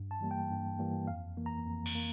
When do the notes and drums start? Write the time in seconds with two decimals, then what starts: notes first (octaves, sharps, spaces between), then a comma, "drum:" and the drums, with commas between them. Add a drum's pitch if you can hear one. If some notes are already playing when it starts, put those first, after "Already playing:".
Already playing: G2
0.11 A5
0.20 E3 G3 A#3
0.31 G5
0.49 G2
0.79 E3 G3 A#3
1.08 F2 F5
1.37 E3 A#3
1.46 A#5
1.65 F2
1.86 drum: cymbal
1.95 A#3